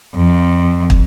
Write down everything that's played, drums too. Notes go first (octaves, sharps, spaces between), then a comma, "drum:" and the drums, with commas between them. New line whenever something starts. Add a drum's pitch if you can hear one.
F2
drum: kick